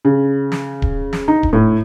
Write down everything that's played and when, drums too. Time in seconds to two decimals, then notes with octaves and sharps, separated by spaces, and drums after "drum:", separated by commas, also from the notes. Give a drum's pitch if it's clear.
0.05 C#3
0.52 drum: snare
0.82 drum: kick D1
1.13 drum: snare
1.28 D#4
1.43 drum: kick D1
1.53 A2